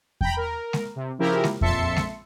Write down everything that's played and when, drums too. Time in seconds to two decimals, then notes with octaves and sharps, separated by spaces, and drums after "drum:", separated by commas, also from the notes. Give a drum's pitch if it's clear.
0.21 G5 A#5 B5, drum: kick E2
0.37 A#4
0.73 drum: snare G#3
0.96 C3
1.18 C#3 F3 E4 G4 A#4
1.44 drum: snare G#3
1.61 A#1 F2 E5 A5 C6 C#7, drum: kick E2
1.96 drum: snare G#3